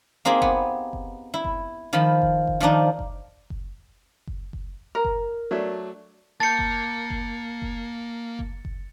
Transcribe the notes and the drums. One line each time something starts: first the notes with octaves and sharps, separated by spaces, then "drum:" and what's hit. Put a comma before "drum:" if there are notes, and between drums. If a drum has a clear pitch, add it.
A#3 C4 D#4 G4 G#4
B3, drum: kick F#1
drum: kick F#1
E4
drum: kick F#1
D#3 F3 B5
drum: kick F#1
drum: kick F#1
D#3 F3 D4 D#4
drum: kick F#1
drum: kick F#1
drum: kick F#1
drum: kick F#1
A#4
drum: kick F#1
F#3 A3 D4
A#3 A5 G6 A6 C#7
drum: kick F#1
drum: kick F#1
drum: kick F#1
drum: kick F#1
drum: kick F#1